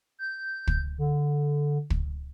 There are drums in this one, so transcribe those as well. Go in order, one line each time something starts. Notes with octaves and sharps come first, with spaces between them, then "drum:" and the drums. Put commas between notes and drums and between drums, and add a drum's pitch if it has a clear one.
G6
drum: kick
D3
drum: kick